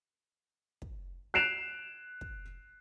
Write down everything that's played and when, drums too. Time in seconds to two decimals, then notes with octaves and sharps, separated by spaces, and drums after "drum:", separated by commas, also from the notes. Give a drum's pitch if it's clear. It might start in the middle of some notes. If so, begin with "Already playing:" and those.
0.82 drum: kick
1.34 F#6 C7 D7 E7 F7
2.21 drum: kick